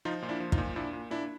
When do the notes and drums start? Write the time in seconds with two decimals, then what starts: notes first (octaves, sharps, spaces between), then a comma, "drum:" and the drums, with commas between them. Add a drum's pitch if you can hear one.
0.05 F3 D#4 F4
0.22 A#2 F4
0.29 D4 E4
0.40 F3
0.52 D#4 F4, drum: kick
0.58 A#2
0.76 A#2 D4 E4
0.93 A#2
1.10 A#2 D4 E4